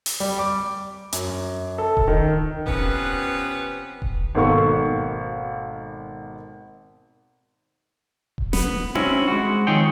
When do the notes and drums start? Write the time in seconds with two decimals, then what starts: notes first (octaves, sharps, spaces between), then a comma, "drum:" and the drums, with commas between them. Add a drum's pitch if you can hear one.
0.06 drum: open hi-hat
0.20 G3
0.39 D6
1.12 F#2, drum: hi-hat
1.78 A4
1.97 drum: kick D#1
2.08 D#3
2.67 C3 F3 B3 C#4 B4, drum: kick D#1
4.02 drum: kick D#1
4.35 G#1 B2 A#3 A4 F5 C#6
8.38 drum: kick D#1
8.53 B3, drum: snare
8.95 C4 C#4 E4 F#4, drum: tom D4
9.28 G#3 F#4
9.67 D#3 F3 C4 G#4 C#5 G5